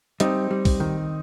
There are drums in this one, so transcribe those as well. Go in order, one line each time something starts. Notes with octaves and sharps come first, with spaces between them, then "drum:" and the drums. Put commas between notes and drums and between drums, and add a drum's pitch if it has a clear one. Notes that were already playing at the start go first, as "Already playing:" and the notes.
G3 C4 D#4, drum: hi-hat
G3
drum: kick, open hi-hat
D#3